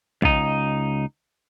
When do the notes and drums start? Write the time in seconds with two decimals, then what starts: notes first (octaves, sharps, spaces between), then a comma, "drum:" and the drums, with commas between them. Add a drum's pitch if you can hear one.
0.22 C#2 D#4, drum: kick